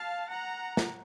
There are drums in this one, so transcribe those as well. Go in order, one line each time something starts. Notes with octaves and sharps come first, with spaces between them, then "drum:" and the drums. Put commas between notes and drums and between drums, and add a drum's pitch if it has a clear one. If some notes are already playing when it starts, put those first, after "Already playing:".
Already playing: F5 A5
F#5 A#5
drum: snare